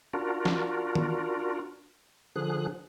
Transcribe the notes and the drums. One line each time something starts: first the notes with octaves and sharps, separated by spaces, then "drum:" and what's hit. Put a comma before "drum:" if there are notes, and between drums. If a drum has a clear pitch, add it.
D4 F4 F#4 A#4
drum: snare
drum: tom D#3
D3 F3 G#4 F#6